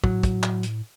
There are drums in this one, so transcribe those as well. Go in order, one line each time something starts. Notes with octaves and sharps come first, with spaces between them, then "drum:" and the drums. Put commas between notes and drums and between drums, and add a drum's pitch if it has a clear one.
A2 F#3, drum: kick
drum: kick, hi-hat
drum: clap
drum: hi-hat